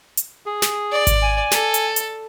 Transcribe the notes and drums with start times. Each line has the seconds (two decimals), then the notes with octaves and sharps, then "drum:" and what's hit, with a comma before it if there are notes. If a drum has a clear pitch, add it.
0.17 drum: hi-hat
0.46 G#4
0.62 drum: snare
0.92 D5
1.07 drum: kick G#1, hi-hat
1.22 G#5
1.51 A4, drum: snare
1.74 drum: hi-hat
1.96 drum: hi-hat